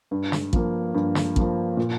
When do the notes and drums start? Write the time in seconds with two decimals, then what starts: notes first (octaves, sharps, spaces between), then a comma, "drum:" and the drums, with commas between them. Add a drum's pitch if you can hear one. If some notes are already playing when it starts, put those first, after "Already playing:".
0.11 G2
0.32 drum: snare
0.53 F3 A#3, drum: kick
0.94 G2
1.15 drum: snare
1.36 F3 A#3, drum: kick
1.77 A#2